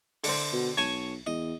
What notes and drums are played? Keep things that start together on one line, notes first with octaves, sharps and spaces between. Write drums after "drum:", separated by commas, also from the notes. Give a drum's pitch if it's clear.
D3 C4, drum: open hi-hat
B2
B1 C#5 G#5 A5
E2 D#5